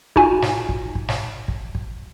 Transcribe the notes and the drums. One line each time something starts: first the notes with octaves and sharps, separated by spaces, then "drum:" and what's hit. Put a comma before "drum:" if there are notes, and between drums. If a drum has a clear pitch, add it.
D#4 F4 F#4 G#5, drum: kick
drum: snare
drum: kick
drum: kick
drum: snare
drum: kick
drum: kick